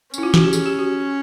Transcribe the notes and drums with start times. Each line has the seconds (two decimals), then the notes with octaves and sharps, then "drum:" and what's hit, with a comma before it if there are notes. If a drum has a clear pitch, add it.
0.14 C#4 E4, drum: tambourine
0.23 F4
0.34 F#4, drum: snare
0.44 G4
0.53 G#4, drum: tambourine
0.66 G4
0.79 F#4